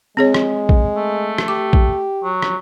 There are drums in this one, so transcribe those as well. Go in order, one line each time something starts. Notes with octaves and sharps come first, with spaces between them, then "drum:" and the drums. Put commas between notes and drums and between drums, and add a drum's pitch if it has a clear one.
G#3 C4 G#4 C#5
drum: rim click
drum: kick
A3
drum: rim click
G4 D6
drum: kick
F#3
drum: rim click